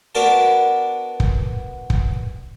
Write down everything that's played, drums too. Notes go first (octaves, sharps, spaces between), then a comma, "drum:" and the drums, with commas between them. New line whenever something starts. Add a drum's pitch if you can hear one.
B3 D4 F#4 A#4 D5 A5
drum: kick
drum: kick